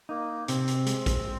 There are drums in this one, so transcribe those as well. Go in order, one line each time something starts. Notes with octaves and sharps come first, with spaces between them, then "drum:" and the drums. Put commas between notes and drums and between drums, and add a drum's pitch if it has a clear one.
A#3 D#4
C3 C4, drum: hi-hat
drum: hi-hat
G#3, drum: hi-hat
drum: kick, hi-hat